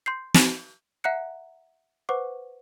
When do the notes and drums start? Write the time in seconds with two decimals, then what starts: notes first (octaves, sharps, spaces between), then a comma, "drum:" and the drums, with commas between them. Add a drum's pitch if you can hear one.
0.06 C6 G6 C7
0.35 drum: snare
1.04 E5 F#5 A#5 F#6 C#7
2.09 B4 C5 F#5 C#6 D6